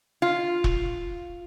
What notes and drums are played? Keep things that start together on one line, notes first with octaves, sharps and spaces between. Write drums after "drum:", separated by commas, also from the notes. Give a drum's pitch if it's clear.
F4
drum: kick E1